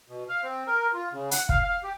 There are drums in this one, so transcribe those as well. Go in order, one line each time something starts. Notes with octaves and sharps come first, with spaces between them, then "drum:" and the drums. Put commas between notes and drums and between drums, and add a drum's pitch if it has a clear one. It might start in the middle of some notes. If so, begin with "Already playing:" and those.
B2
F5
C4
A#4
F4
C#3
F#5, drum: hi-hat
F5, drum: kick
F5
G4